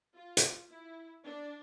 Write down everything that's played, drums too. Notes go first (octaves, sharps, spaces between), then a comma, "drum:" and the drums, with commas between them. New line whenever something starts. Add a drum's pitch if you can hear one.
F4
drum: hi-hat
E4
D4